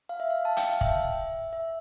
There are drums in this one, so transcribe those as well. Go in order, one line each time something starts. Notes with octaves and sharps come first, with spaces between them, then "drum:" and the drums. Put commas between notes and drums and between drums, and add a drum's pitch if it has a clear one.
F5
E5
F5
A5
G5, drum: hi-hat
F5
E5, drum: kick
E5